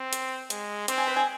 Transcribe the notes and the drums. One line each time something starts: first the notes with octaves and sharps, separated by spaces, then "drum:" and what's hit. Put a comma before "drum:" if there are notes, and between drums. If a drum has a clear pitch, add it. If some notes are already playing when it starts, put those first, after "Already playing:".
Already playing: C4
drum: hi-hat
G#3, drum: hi-hat
C4 G4, drum: hi-hat
G#4
B4
G#4